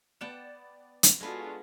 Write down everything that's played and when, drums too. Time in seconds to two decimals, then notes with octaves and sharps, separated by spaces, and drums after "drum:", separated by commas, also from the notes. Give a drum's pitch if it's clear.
0.21 B3 D5 F#5 G5 A5 E7
1.03 drum: hi-hat
1.21 G#3 B3 D4 F4 F#4 G#4 A4